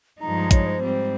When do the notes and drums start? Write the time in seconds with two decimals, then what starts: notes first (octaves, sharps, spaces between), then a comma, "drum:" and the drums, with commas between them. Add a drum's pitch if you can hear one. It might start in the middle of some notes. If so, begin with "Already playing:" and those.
0.21 G2 F3 G#3 D#4 A#5
0.51 C#5, drum: kick, hi-hat
0.66 C5
0.81 G#2 G3 C4